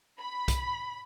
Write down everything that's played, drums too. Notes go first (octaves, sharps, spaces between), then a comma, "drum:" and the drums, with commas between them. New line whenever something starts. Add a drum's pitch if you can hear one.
B5
drum: kick C2, hi-hat